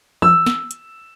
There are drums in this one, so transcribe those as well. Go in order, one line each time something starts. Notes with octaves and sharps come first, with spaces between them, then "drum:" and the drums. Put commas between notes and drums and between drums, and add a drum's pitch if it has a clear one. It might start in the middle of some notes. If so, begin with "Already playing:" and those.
E6, drum: tom E3
drum: snare
drum: hi-hat